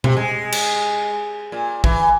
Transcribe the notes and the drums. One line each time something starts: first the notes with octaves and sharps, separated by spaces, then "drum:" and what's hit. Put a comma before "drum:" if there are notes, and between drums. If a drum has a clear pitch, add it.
C3, drum: tom B2
G#3
drum: cymbal
A#2
E3, drum: kick